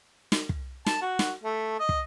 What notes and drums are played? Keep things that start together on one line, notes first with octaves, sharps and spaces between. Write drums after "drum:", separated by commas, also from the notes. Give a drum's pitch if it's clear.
drum: snare
drum: kick
A5, drum: snare
F#4
drum: snare
A3
D#5
drum: kick